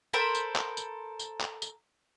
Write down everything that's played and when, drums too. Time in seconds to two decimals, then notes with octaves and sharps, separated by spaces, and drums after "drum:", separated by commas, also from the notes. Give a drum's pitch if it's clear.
0.13 A4 A#4 C5 B5
0.35 drum: tambourine
0.56 drum: clap
0.77 drum: tambourine
1.19 drum: tambourine
1.41 drum: clap
1.62 drum: tambourine